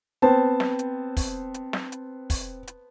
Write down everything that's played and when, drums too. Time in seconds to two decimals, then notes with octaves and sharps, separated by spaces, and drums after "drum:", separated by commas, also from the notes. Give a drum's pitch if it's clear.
0.22 B3 C4 C5 A5
0.60 drum: snare
0.79 drum: hi-hat
1.17 drum: kick, open hi-hat
1.54 drum: hi-hat
1.73 drum: snare
1.92 drum: hi-hat
2.30 drum: kick, open hi-hat
2.68 drum: hi-hat